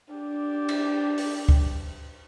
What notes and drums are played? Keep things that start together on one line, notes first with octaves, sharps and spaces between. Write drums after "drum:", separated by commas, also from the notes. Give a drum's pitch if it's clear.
D4 G4
drum: cymbal
drum: open hi-hat
drum: kick C#2